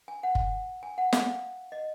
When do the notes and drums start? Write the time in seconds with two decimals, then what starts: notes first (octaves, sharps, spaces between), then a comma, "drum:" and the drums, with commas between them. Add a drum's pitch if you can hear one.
0.08 G#5
0.23 F#5
0.35 drum: kick
0.83 G#5
0.98 F#5
1.13 F5, drum: snare
1.72 D#5